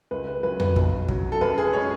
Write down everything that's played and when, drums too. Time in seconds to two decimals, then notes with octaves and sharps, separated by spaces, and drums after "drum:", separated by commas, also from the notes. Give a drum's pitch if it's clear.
0.11 C#2 B4
0.27 B4
0.43 F#3 B4
0.60 B4, drum: tom F2
0.76 B1, drum: kick
1.08 F#3, drum: kick
1.32 A4
1.41 F#2 B4
1.58 G#4
1.73 G#3 C#5